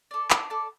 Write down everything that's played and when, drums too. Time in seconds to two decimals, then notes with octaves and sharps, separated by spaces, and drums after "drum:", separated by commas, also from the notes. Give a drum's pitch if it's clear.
0.11 A4 D5
0.30 D4, drum: clap
0.50 A4 D5